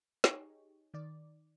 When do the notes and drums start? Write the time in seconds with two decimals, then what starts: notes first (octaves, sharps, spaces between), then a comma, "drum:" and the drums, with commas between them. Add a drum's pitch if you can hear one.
0.24 D#4 G4 G#4 C#5, drum: snare
0.94 D#3 D5